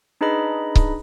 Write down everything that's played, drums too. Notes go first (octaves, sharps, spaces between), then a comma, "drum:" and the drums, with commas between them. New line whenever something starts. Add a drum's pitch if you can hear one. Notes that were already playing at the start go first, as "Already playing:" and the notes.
D4 D#4 G#4 B4 D#5 B5
drum: kick C#1